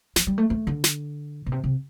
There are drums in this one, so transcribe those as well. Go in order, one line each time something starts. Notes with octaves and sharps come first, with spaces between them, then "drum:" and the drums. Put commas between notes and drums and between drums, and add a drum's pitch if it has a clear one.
F3, drum: snare
G3
A3
A3
D3
drum: snare
B2
C3
C3